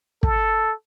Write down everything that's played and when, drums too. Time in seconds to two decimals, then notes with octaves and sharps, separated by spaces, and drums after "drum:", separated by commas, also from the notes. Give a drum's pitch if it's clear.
0.23 A4, drum: kick